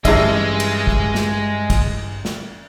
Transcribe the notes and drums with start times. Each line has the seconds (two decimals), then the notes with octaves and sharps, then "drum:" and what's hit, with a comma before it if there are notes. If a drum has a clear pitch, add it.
0.05 A1 G2 G#3 G#4 D#5 E5, drum: kick, cymbal
0.60 drum: cymbal
0.87 drum: kick
1.15 drum: snare
1.70 drum: kick, cymbal
2.25 drum: snare